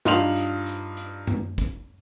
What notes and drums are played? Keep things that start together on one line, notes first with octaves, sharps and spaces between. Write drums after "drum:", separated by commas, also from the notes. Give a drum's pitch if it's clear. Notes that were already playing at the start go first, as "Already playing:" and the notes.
G2 D#4 F4 C6 F7 F#7, drum: snare
drum: hi-hat
drum: hi-hat
drum: hi-hat
drum: tom F#2
drum: kick, hi-hat